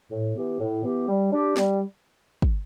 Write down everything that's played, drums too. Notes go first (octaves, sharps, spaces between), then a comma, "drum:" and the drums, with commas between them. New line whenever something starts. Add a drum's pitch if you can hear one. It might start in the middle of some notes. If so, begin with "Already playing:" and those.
A2
E3 B3 G4
A2
E3 B3 G4
G3
D4 G4
G3, drum: snare
drum: kick